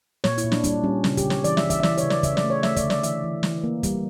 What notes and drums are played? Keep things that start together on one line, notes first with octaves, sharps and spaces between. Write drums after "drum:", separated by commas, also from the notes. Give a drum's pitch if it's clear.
A#2 C#5, drum: snare
E4, drum: hi-hat
A#2
D4, drum: snare
G3 D4, drum: kick, hi-hat
G3 C#4
C#3 C#4, drum: snare
G4, drum: kick, hi-hat
C#3
C#5, drum: snare
E3 D5, drum: hi-hat
E5, drum: snare
E3
E5, drum: kick, hi-hat
E5
E3 D5, drum: snare
C#5, drum: hi-hat
C#3
D5, drum: snare
C#3 E5, drum: kick, hi-hat
D5, drum: snare
A3
C#5
A3 E5, drum: snare
D5, drum: kick, hi-hat
D3
D5, drum: snare
E3 E5, drum: hi-hat
E3
E3, drum: snare
A#3
G3, drum: kick, hi-hat